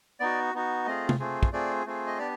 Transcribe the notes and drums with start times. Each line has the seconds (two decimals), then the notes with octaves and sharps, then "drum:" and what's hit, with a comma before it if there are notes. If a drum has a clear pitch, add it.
0.20 B3 D#4 F#4 D5
0.54 B3 D#4 F#4
0.86 A3 C4 F4 G#4 D#5
1.09 drum: tom C3
1.20 A3 C4 F4 G#4
1.43 drum: kick
1.53 A3 C4 F4 G#4 D5
1.86 A3 C4 F4 G#4
2.07 D#5
2.18 B3 D4 G4 D5